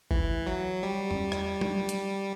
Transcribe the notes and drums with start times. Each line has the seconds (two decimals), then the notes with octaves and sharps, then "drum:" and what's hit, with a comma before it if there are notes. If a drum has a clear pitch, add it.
0.11 E3, drum: kick F#1
0.47 F#3
0.83 G3
1.11 drum: tom E2
1.32 drum: rim click
1.61 drum: tom F#3
1.89 drum: hi-hat